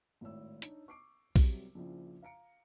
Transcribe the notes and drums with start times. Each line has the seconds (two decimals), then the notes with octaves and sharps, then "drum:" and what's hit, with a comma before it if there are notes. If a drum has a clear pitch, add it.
0.21 G#1 A2 C#5 E6
0.62 D4 D#4 C#5, drum: hi-hat
0.88 C#6 D6 C7 D7
1.36 C2 C3 F#3 G3, drum: kick, open hi-hat
1.75 A#1 C#3 F3 E4
2.22 F5 A#5 C#7 D7